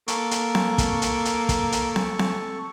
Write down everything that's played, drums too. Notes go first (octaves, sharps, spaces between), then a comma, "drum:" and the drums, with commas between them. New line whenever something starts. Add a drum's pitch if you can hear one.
A#3 A4 C#6, drum: hi-hat
drum: hi-hat
drum: snare C4
drum: kick, hi-hat
drum: hi-hat
drum: hi-hat
drum: kick, hi-hat
drum: hi-hat
drum: snare C4
drum: snare C4